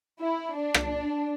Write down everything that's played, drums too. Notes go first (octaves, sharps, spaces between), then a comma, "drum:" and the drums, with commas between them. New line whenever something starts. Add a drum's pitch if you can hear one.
E4
D4
drum: rim click